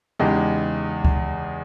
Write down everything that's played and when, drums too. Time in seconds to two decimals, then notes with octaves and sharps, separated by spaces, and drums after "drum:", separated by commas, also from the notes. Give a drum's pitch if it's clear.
0.20 E2 C#3 G#3 D#4 G4
1.05 drum: kick C#2